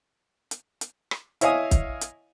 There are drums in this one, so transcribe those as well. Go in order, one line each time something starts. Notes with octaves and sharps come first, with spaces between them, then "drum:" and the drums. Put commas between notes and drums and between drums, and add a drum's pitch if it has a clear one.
drum: hi-hat
drum: hi-hat
drum: rim click
E4 C#5 D#5 F5 G#5 D#6, drum: hi-hat
drum: kick, hi-hat
drum: hi-hat